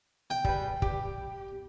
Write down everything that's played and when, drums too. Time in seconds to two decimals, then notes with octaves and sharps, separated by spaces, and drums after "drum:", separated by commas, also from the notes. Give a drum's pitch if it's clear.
0.30 G5
0.44 G3 G#4 B4, drum: kick
0.82 G4, drum: kick